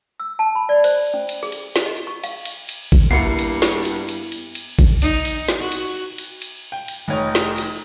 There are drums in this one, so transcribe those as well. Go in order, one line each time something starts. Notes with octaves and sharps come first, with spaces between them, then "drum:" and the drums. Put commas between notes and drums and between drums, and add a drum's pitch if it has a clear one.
E6
A5
B5
D5
C5, drum: cymbal
C#4
drum: cymbal
G#4
drum: cymbal
drum: snare
D#5
C#6
F5, drum: cymbal
drum: cymbal
drum: cymbal
drum: kick G#1, cymbal
G2 A#3 B3 E4 F#4 C7 C#7
drum: cymbal
drum: snare
drum: cymbal
drum: cymbal
drum: cymbal
drum: cymbal
drum: kick G#1, cymbal
D#4, drum: cymbal
drum: cymbal
drum: snare
F#4
drum: cymbal
drum: cymbal
drum: cymbal
G5
drum: cymbal
F1 D#4 C#5
drum: snare
drum: cymbal